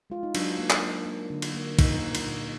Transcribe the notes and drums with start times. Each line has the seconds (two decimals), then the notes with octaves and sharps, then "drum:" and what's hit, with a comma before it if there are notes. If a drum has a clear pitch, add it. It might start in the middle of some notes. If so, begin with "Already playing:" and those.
0.10 G#3 F4
0.23 D#4
0.35 F#3 D4, drum: cymbal
0.59 A#3
0.70 drum: clap
0.83 A#3
1.06 A#3
1.30 D3
1.42 drum: cymbal
1.54 A#3
1.79 A#2 D#4, drum: kick, cymbal
2.02 A#3
2.15 drum: cymbal
2.27 A#2